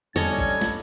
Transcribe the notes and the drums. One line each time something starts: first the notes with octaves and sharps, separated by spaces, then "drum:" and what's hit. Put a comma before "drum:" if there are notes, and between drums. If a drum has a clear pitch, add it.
G3 C#4 D4 A4 C#5 D#5 G#6, drum: tom E2
drum: kick, open hi-hat
drum: snare